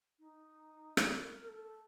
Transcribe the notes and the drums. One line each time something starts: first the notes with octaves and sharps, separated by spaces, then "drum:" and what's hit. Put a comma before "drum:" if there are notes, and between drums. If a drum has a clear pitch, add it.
D#4
A4, drum: rim click
A#4
A#4
A4